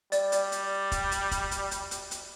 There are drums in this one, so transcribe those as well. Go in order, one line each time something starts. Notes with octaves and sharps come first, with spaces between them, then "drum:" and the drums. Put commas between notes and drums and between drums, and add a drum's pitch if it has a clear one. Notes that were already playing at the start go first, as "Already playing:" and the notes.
G3 D5, drum: hi-hat
drum: hi-hat
drum: hi-hat
drum: kick, hi-hat
drum: hi-hat
drum: kick, hi-hat
drum: hi-hat
drum: hi-hat
drum: hi-hat
drum: hi-hat